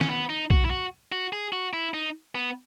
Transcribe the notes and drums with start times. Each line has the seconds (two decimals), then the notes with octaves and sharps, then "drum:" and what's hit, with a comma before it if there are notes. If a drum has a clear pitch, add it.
0.01 C#4, drum: snare
0.10 B3
0.29 D#4
0.50 F#4, drum: kick
0.65 E4
0.70 F#4
1.12 F#4
1.33 G#4
1.53 F#4
1.73 E4
1.94 D#4
2.35 B3